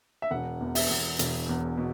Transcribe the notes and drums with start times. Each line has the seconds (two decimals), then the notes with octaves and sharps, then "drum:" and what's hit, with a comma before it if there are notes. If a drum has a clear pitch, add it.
0.22 E5
0.31 E1 F#5
0.61 E2
0.75 E5, drum: open hi-hat
0.89 E2
1.19 E1, drum: hi-hat
1.49 E2
1.78 B2